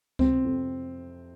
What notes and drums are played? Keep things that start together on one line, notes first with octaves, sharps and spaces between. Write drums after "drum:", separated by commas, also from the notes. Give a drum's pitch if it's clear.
C3 C4, drum: kick C#2
F2